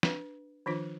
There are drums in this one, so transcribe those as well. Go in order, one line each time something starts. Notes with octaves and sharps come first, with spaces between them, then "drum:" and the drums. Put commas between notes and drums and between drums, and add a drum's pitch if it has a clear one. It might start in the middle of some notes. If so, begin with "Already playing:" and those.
D4 B4, drum: snare
D#3 F3 D4 F4